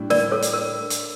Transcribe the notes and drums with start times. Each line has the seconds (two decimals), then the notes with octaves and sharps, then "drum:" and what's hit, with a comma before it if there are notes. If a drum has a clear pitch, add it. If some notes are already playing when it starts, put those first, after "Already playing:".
Already playing: A2 G3 D4
0.10 A#4 D5, drum: snare
0.31 A4 C#5
0.42 drum: hi-hat
0.53 A#4
0.90 drum: hi-hat